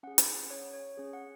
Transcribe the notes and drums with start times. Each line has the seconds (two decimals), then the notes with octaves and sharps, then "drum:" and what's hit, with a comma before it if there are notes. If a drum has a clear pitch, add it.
0.03 C#4 G#4 F#5
0.18 drum: hi-hat
0.51 C#5
0.73 C#5
0.97 C#4 G#4
1.13 F#5